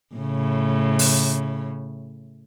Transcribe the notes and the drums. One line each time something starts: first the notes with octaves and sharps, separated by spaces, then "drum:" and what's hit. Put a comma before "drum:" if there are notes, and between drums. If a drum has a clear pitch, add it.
A2 C#3
drum: open hi-hat